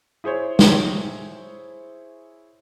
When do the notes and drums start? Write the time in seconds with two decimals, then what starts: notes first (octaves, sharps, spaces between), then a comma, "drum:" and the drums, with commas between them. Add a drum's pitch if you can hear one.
0.24 E4 G#4 C5 C#5
0.59 drum: snare